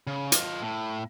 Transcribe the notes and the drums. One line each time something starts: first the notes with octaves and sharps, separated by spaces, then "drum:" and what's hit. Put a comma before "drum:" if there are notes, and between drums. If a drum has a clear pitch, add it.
C#3
F4 D#5, drum: hi-hat
A2